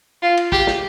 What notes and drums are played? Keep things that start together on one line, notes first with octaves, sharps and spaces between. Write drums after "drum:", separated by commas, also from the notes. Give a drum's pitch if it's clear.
F4
drum: cymbal
G4, drum: kick
drum: snare